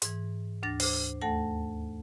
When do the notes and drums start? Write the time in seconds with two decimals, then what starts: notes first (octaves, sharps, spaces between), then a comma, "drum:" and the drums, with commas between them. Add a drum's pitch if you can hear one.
0.02 G#2 E3, drum: hi-hat
0.63 D2 D4 A6 A#6
0.80 C5 D6, drum: open hi-hat
1.21 D#2 A3 A4 F#5 A5 A#6